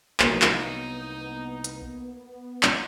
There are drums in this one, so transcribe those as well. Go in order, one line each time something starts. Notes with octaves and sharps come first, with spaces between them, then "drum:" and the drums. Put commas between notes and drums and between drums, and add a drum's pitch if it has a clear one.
C2 F#3 A#3 B3 D#4, drum: clap
drum: clap
drum: hi-hat
drum: clap